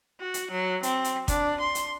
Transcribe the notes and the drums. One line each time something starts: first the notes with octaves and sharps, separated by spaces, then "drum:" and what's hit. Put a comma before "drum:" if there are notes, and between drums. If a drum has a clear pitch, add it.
F#4
drum: hi-hat
F#3
C4, drum: hi-hat
drum: hi-hat
D4, drum: kick, hi-hat
C6
drum: hi-hat